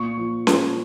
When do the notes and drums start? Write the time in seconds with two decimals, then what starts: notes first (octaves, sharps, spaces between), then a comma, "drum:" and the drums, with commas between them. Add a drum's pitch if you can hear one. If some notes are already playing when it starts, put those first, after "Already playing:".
Already playing: A#2 C#6
0.18 F3
0.47 F3, drum: snare C#4